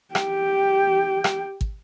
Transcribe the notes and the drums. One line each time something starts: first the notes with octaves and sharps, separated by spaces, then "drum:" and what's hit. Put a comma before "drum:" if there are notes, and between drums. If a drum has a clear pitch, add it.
G4 G5, drum: rim click
drum: rim click
drum: kick